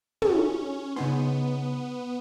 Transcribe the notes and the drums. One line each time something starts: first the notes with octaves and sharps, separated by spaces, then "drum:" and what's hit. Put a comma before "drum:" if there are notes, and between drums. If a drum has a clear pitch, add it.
C#4, drum: tom
C#3 B3 D#4 C6